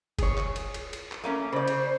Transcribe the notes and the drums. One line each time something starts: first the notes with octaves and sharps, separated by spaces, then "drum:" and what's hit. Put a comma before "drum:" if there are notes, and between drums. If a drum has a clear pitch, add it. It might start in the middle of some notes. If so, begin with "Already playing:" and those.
G#4 C#5, drum: kick, cymbal
drum: clap
drum: cymbal
drum: cymbal
drum: cymbal
drum: clap
A3 A#3 C#4
C#3 C5 D5
drum: cymbal